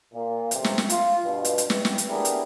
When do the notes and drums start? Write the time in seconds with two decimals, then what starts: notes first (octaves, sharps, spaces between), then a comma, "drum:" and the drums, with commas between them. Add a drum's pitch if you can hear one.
0.13 A#2
0.51 A1 C3, drum: hi-hat
0.64 drum: snare
0.78 drum: snare
0.89 F4, drum: hi-hat
1.24 G2 B2
1.45 drum: hi-hat
1.58 drum: hi-hat
1.70 E2 E3 G3, drum: snare
1.85 drum: snare
1.98 drum: hi-hat
2.09 B3 D4 E4 G4 G#4 A#4
2.25 drum: hi-hat